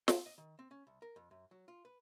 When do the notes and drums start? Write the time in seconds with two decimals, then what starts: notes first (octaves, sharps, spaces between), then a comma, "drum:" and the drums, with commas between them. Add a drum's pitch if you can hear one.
0.08 C6, drum: snare
0.26 D#5
0.38 D#3
0.59 C4
0.71 C#4
0.87 C2
1.02 A#4
1.16 F2
1.31 F#2
1.51 F#3
1.68 F4
1.85 B4